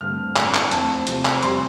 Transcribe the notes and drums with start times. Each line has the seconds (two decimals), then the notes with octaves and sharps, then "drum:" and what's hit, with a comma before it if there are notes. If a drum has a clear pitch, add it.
0.01 G2 D3 A3 C4 F6
0.36 A2 A3 C4, drum: clap
0.54 drum: clap
0.71 F2 F3 A3 C4 A5, drum: hi-hat
1.07 C3 F3 A3 C4, drum: hi-hat
1.25 drum: clap
1.43 F2 C3 G3 C4 C6, drum: hi-hat